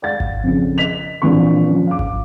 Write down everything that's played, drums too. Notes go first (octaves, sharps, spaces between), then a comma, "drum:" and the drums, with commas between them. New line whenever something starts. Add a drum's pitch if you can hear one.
D5 F5 F#5 A6
drum: kick G#1
F2 C#3
D#5 B6 F7
A#1 A#2 E3 C4 C#6
F3 C#4
F5 D6
drum: kick G#1